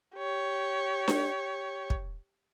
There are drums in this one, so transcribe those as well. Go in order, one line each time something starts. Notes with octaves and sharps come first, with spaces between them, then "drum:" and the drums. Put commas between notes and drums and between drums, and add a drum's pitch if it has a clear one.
G4 C#5
drum: snare D4
drum: kick